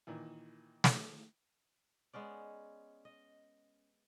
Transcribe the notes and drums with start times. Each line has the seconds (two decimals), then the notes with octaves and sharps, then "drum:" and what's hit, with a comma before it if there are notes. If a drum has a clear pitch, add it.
0.07 A#2 D#3 E3
0.84 drum: snare
2.13 G#3 B3 C#4 D5
3.05 D#5